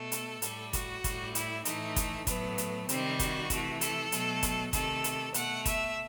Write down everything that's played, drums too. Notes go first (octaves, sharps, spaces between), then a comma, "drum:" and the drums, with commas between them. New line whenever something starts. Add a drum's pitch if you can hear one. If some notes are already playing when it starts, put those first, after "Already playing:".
Already playing: B2 A3 A4
drum: hi-hat
A2 G3, drum: hi-hat
F#4, drum: kick, hi-hat
A2 G3, drum: kick, hi-hat
E4, drum: hi-hat
A2 E3 A3 D#4, drum: hi-hat
drum: kick, hi-hat
A2 F#3 A3 B3, drum: kick, hi-hat
drum: hi-hat
C3 D#3 G3 C4, drum: hi-hat
F#4, drum: kick, hi-hat
C3 E3 A3, drum: kick, hi-hat
A4, drum: hi-hat
B2 F#3 A3, drum: hi-hat
drum: kick, hi-hat
C3 D#3 A3 A4, drum: kick, hi-hat
drum: hi-hat
B2 A3 F#5, drum: hi-hat
E5, drum: kick, hi-hat